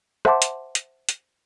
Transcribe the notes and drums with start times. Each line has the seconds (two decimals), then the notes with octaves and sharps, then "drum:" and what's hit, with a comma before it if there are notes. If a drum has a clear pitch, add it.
0.25 C5 E5 F#5 A5 C6 D6, drum: rim click
0.42 drum: hi-hat
0.75 drum: hi-hat
1.09 drum: hi-hat